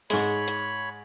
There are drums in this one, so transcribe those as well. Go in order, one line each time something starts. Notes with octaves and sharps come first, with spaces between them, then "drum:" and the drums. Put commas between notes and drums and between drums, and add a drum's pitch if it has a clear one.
G#2 G#3 C#5 B5, drum: open hi-hat
drum: hi-hat